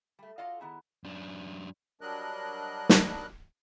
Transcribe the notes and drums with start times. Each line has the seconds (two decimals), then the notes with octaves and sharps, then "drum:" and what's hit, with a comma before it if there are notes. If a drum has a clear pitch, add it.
0.19 G3 A3
0.38 F4 F#4 A4 D5 D#5 F5
0.60 D#3 B3 E4 G#4
1.04 F#2 D4
2.01 F#3 G3 D4 A#4 D#5 F#6
2.89 drum: snare